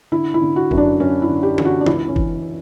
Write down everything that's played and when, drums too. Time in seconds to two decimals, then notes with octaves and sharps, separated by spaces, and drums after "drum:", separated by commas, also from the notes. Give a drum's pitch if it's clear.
0.12 D3 E4
0.34 E4
0.42 D3
0.56 F#4
0.71 F#2, drum: kick
0.77 D4
1.00 F#2 C#4
1.22 E4
1.29 D3
1.43 G4
1.58 D3, drum: tom E3
1.65 F#4
1.81 D4
1.86 C#2 E4, drum: tom E3
2.08 C#4
2.16 E3, drum: kick